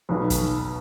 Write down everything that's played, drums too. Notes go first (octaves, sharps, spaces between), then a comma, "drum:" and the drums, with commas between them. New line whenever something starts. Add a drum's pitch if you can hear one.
B1 B2 F#3 B4
drum: kick, hi-hat